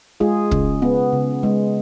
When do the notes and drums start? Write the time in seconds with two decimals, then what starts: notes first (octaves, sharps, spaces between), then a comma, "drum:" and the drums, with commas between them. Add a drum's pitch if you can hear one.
0.20 G#3 F4 G#4
0.51 C#3, drum: kick
0.82 B3
1.13 C#3
1.43 G#3